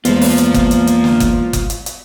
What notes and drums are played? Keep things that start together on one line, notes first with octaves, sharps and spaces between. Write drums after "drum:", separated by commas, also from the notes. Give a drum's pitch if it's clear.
E2 G#3 A#3 B3 F4 C5, drum: hi-hat
drum: open hi-hat
drum: hi-hat
drum: kick F#1, hi-hat
drum: hi-hat
drum: hi-hat
drum: snare
drum: kick F#1, hi-hat
drum: kick F#1, hi-hat
drum: hi-hat
drum: hi-hat